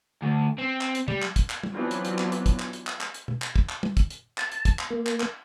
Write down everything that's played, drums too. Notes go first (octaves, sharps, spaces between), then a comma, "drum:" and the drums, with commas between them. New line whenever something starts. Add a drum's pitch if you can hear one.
D2
C4
drum: clap
drum: hi-hat
G3, drum: tom C3
drum: clap
drum: kick, hi-hat
drum: clap
drum: tom
E3 F#3 B3 C4 D4 F4
drum: hi-hat
drum: hi-hat
drum: clap
drum: hi-hat
drum: kick, hi-hat
drum: clap
drum: hi-hat
drum: clap
drum: clap
drum: hi-hat
drum: tom
drum: clap
drum: kick
drum: clap
drum: tom
drum: kick, hi-hat
drum: hi-hat
A5, drum: clap
drum: hi-hat
drum: kick, hi-hat
drum: clap
A#3
drum: clap
drum: clap